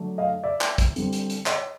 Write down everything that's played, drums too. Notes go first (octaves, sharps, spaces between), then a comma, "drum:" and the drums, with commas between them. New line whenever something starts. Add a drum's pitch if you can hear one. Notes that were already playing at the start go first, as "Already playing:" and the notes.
Already playing: D3 F#3 A3 D4
D#5 F5
D5 E5
drum: clap
drum: kick, hi-hat
D3 G3 C4, drum: hi-hat
drum: hi-hat
drum: hi-hat
C#5 D#5, drum: clap